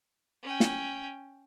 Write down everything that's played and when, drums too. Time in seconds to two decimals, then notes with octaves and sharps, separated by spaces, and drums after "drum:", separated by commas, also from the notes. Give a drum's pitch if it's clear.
0.43 C#4 G5
0.60 drum: snare